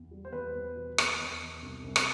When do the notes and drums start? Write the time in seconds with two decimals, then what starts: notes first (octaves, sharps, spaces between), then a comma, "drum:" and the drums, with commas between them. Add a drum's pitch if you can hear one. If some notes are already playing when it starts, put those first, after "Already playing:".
Already playing: E2
0.11 G3
0.25 C5
0.32 E2 B4
0.55 E2
0.75 B2
0.98 E2, drum: rim click
1.20 E2
1.42 E2
1.62 C2
1.84 C2
1.96 drum: rim click